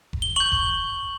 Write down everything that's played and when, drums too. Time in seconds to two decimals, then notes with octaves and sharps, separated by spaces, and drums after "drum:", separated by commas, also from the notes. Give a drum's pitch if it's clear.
0.13 drum: kick F1
0.22 G7
0.36 C#6 G6 F#7
0.52 drum: kick F1